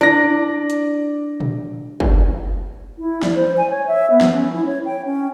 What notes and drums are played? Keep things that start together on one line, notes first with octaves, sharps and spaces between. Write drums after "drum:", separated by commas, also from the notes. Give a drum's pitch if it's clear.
D4 E4 D5 A#6
drum: hi-hat
drum: tom A#2
drum: kick
E4
D5, drum: snare
C5
G#5
C#5
E5
B3
drum: snare
C#4
E4
C#5
G5
C#4